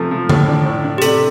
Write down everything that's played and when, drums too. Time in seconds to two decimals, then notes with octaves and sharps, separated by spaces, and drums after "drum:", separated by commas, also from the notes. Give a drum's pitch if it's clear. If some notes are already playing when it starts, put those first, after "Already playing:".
Already playing: C3 F3 A3
0.11 F3
0.29 A2, drum: tom D3
0.47 D4
0.66 A2
0.84 D4
0.98 G4
1.02 C3 A4, drum: hi-hat